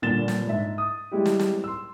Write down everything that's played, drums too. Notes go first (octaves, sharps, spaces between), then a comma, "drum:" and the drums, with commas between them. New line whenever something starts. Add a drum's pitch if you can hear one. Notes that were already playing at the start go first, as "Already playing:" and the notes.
G1 A#2 D3 A6 E7 G7
drum: snare
G#2 E5
D#6
G3 G#3 E4 G4
drum: snare
drum: snare
C6 E6